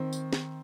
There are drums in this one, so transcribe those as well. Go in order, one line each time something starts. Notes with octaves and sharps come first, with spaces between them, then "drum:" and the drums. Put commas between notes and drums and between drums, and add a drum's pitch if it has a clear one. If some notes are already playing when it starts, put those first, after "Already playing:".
Already playing: D#3 C4
drum: tambourine
drum: snare